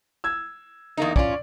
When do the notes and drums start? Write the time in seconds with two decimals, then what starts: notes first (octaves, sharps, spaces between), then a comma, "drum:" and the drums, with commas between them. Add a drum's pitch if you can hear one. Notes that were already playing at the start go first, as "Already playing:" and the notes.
0.24 E6 G#6
0.97 E2 A#3 D#4
1.16 C#4 F4 D5, drum: kick